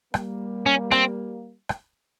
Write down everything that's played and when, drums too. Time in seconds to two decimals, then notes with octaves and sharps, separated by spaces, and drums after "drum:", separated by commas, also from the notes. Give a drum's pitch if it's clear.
0.14 G3 A#3, drum: rim click
0.66 C#4
0.92 C4, drum: rim click
1.69 drum: rim click